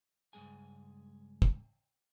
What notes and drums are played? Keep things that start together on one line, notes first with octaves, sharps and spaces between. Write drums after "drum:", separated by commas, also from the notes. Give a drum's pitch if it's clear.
C#2 G2 E3 G#3 G#4 G#5
drum: kick